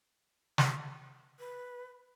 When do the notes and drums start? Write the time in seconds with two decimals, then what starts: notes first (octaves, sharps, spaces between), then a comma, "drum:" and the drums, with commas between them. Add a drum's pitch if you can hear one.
0.58 drum: snare
1.39 B4